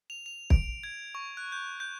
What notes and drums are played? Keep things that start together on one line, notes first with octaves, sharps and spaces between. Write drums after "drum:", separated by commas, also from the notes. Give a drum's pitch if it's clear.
F7
F7
D7, drum: kick
G#6
C#6
F#6
G6
G6